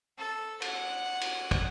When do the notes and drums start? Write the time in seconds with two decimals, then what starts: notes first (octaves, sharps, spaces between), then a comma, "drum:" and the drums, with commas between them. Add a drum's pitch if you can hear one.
0.18 A4
0.62 F#5, drum: cymbal
1.21 drum: cymbal
1.51 drum: kick, cymbal